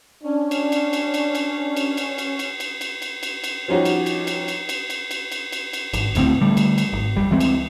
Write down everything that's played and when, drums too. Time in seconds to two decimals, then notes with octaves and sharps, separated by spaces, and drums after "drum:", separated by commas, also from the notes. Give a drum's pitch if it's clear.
0.24 C#4 D4
0.51 drum: cymbal
0.72 drum: cymbal
0.93 drum: cymbal
1.14 drum: cymbal
1.35 drum: cymbal
1.77 drum: cymbal
1.97 drum: cymbal
2.18 drum: cymbal
2.39 drum: cymbal
2.60 drum: cymbal
2.81 drum: cymbal
3.02 drum: cymbal
3.23 drum: cymbal
3.44 drum: cymbal
3.68 F3 G3 C#4 D#4 F#4 G4
3.85 drum: cymbal
4.06 drum: cymbal
4.27 drum: cymbal
4.48 drum: cymbal
4.69 drum: cymbal
4.90 drum: cymbal
5.11 drum: cymbal
5.32 drum: cymbal
5.52 drum: cymbal
5.73 drum: cymbal
5.93 G#1, drum: cymbal
6.15 D1 D2 A2 C4, drum: cymbal
6.41 D3 G3 A3
6.57 drum: cymbal
6.78 drum: cymbal
6.93 G#1
7.16 F1 G3
7.31 C#2 E3 G#3 C4
7.40 drum: cymbal